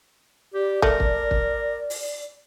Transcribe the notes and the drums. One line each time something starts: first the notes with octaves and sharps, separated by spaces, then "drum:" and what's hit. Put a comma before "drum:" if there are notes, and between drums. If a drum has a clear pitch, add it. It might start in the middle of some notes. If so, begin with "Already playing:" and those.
G4 D5
A3 A#4, drum: kick
drum: kick
drum: kick
drum: open hi-hat